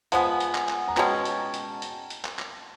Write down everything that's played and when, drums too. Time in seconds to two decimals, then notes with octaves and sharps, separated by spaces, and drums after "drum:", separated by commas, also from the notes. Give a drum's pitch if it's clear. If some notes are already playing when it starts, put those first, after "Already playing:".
0.12 F3 G#3 B3 F#5 G#5, drum: hi-hat
0.40 drum: hi-hat
0.55 drum: clap
0.69 drum: clap
0.88 A#5
0.97 B2 G#3 C#4 G5 A5, drum: clap
1.25 drum: hi-hat
1.54 drum: hi-hat
1.82 drum: hi-hat
2.10 drum: hi-hat
2.25 drum: clap
2.39 drum: clap